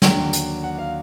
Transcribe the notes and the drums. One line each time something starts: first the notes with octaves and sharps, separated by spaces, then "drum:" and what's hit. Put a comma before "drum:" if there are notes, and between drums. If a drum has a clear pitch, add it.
D#2 D3 F#3 G5, drum: snare
drum: hi-hat
F#5
F5